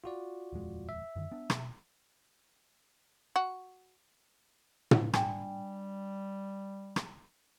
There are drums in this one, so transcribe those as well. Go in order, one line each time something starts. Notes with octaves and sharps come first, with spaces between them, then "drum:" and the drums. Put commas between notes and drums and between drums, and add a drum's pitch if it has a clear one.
F4 F#4 D5
D#1 F2 G#3
E5
F#2 D3 D#3
B3 D4
B2, drum: rim click
F#4
drum: tom
G3 D4 G5, drum: rim click
drum: rim click